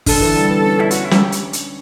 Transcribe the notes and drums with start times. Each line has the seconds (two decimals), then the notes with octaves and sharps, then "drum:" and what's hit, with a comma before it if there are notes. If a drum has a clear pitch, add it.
0.06 D3 A4, drum: kick G1, open hi-hat
0.21 E3
0.35 G3
0.49 B3
0.62 C#4
0.77 D4 E4
0.91 C#4 F#4, drum: hi-hat
1.05 E4
1.11 C#4, drum: snare
1.18 G4
1.32 drum: hi-hat
1.53 drum: hi-hat